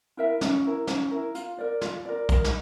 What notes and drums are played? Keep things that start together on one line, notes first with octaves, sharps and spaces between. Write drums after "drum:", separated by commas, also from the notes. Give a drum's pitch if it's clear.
E4 A#4 E5
C#4, drum: snare
E4 A#4
C#4, drum: snare
E4 A#4
F4, drum: hi-hat
A#4 D5
F4, drum: snare
A#4 D5
A#4, drum: kick B1, hi-hat
drum: snare